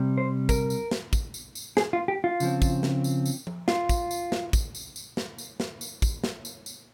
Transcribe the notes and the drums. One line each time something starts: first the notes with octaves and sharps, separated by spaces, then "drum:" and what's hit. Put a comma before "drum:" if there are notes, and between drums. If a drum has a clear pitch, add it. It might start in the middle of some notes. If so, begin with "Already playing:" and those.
Already playing: C3 G3 C4
C5
A#4, drum: kick, tambourine
drum: tambourine
drum: snare
drum: kick, tambourine
drum: tambourine
drum: tambourine
G#4, drum: snare
F4
G4
F4
C#3 F3 C4, drum: tambourine
drum: kick, tambourine
drum: snare
drum: tambourine
drum: tambourine
drum: tom F3
F4, drum: snare
drum: kick, tambourine
drum: tambourine
drum: snare
drum: kick, tambourine
drum: tambourine
drum: tambourine
drum: snare
drum: tambourine
drum: snare
drum: tambourine
drum: kick, tambourine
drum: snare
drum: tambourine
drum: tambourine